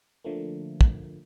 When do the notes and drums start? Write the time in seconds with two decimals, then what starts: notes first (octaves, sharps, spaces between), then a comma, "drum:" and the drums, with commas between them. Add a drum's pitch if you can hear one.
0.24 D3 F3 A3 A#3
0.81 drum: kick